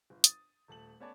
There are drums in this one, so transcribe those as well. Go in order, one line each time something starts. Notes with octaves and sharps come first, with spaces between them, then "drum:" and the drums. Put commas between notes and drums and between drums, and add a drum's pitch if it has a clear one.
G1
D#6 A6, drum: hi-hat
D#1 A3 A5 F#7
A3 B3 C#4 C#5 D5 A5